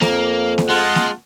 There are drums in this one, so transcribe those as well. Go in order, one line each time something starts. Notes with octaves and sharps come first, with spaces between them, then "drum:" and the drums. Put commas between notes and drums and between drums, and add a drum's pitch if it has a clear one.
F2 A#3, drum: snare A#3
drum: snare A#3
G#3 F4 F#5 A5
drum: snare A#3